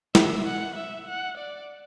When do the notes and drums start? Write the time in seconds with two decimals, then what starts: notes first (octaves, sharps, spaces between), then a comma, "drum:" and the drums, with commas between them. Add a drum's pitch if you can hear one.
0.15 E5, drum: snare
0.46 F#5
0.76 E5
1.08 F#5
1.38 D5